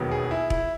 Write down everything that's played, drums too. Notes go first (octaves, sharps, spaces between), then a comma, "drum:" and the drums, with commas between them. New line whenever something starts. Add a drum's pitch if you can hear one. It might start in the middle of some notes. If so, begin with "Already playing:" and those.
Already playing: E1 D#2 D#3 F#3 B3
G#4
E4
E4, drum: kick E1